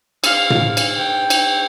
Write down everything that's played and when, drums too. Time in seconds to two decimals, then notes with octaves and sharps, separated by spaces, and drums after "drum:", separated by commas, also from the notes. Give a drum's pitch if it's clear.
0.24 F5, drum: cymbal
0.50 drum: tom
0.77 drum: cymbal
0.98 G5
1.30 drum: cymbal